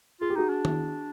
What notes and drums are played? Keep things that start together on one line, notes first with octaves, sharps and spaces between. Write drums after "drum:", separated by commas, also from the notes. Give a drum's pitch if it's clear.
F4 G#4
G4
D#4 F#4 G#4
D4
drum: tom D#3